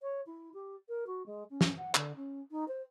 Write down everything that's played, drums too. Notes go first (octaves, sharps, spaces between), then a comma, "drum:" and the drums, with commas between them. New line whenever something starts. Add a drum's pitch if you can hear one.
C#5
E4
G4
A#4
F#4
G#3
C#4
drum: snare
F#5
D3, drum: clap
C#4
D#4
C5